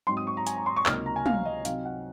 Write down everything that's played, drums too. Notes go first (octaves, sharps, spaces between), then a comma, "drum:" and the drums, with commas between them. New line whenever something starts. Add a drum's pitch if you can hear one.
G#2 F#3 C4 D#4 C6
D#6
C#6
A#5
G#5, drum: hi-hat
A#5
C6
C#6
C#2 C3 F#3 A#3 D#4 F6, drum: clap
A#5
G#5
F5, drum: tom
D#5
C3 F#3 C4 D#4 F5, drum: hi-hat
F#5